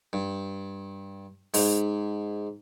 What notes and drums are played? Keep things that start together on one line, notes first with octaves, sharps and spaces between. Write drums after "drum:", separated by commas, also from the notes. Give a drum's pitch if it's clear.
G2
G#2, drum: open hi-hat